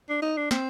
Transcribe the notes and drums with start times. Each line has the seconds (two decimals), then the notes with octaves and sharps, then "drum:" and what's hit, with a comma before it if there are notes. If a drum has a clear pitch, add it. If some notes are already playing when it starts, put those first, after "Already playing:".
0.09 D4
0.22 D#4
0.37 D4
0.51 C4, drum: snare